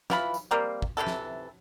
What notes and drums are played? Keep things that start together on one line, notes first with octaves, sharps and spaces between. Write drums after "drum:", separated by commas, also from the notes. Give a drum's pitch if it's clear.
E3 F4 B5, drum: snare
drum: tambourine
G3 A#3 C4
drum: kick
C3 E3 G#3 A4
drum: snare